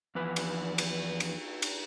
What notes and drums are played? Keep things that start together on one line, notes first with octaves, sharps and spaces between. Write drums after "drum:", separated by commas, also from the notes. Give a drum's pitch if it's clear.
E2 F3 B4
drum: cymbal
drum: cymbal
drum: cymbal
drum: cymbal